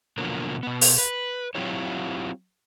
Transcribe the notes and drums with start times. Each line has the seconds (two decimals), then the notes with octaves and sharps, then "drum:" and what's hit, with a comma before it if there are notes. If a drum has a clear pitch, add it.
0.18 B2 D3 F3 F#3 A#3
0.63 B2 B3
0.81 drum: open hi-hat
0.98 B4
1.55 F#3 C4 E4 F4 G4 C#5